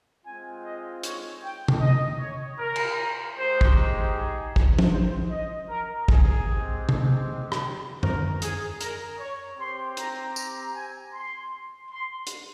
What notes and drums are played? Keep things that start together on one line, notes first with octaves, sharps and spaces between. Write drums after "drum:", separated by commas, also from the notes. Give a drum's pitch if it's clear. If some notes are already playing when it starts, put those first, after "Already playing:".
G#3 C4 F4 G#5
D#5
C#5, drum: hi-hat
G5
drum: tom
D#5
C#5
A#4
drum: cymbal
G#3 D#4 G4 C5
drum: kick
G#4
drum: kick
drum: tom
C5
D#5
A#4
G#4, drum: kick
G#3 C4 G4
drum: tom
drum: rim click
A#4, drum: tom F#2
G#4, drum: hi-hat
A#4, drum: hi-hat
C#5
C4 G4 C6
A#5, drum: hi-hat
A#5, drum: tambourine
G#5
C6
C6
drum: hi-hat